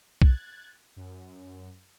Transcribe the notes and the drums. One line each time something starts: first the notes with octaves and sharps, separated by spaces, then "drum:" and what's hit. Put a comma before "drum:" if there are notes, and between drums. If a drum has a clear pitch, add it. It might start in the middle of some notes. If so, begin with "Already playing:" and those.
F#6 G#6 A6, drum: kick B1
F#2